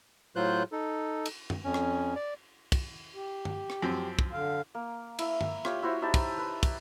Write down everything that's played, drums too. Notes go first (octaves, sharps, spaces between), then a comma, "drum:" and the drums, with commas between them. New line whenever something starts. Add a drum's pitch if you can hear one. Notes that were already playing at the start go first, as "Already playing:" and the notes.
A2 F#3 F4 C5 F#6 G6
D#4 A4
drum: cymbal
drum: tom F#2
F2 C#4
drum: rim click
D5
drum: kick, cymbal
G4
drum: tom G2
drum: rim click
F#2 F3 C4
drum: kick
D3 F5
A#3
E4 E5, drum: cymbal
drum: tom G2
F4 G4 C#5, drum: rim click
E4 F#4 C5 C#5
D#4 E4 G4 A5
drum: kick, cymbal
B4
drum: kick, cymbal